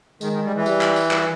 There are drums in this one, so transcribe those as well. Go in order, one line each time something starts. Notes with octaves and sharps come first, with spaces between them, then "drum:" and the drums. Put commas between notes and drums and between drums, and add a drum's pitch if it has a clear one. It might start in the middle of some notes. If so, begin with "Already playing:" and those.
D#3 G#3, drum: tambourine
D#3
G3
E3
G3, drum: tambourine
drum: clap
drum: tambourine
drum: clap